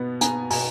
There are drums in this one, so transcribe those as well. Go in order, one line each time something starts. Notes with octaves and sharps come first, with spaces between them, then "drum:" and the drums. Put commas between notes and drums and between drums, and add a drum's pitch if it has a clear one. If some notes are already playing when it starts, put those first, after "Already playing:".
Already playing: B2 B3
B3 G#5 A#5, drum: hi-hat
B2 G#5 A#5, drum: open hi-hat